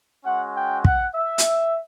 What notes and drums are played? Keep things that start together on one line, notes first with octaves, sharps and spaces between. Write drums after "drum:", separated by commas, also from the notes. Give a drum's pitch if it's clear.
G#3 C#4 F#4 F#5
G5
F#5, drum: kick
E5
drum: hi-hat